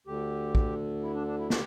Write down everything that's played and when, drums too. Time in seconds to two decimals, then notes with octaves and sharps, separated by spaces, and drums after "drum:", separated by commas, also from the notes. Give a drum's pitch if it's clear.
0.06 D2 D3 G4
0.55 drum: kick
1.03 E4
1.15 D4
1.27 D4
1.39 E4
1.50 G4, drum: snare